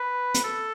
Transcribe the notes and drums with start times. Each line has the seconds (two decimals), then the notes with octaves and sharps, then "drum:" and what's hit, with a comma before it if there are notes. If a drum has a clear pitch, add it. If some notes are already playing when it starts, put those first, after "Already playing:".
Already playing: B4
0.34 drum: hi-hat
0.44 A4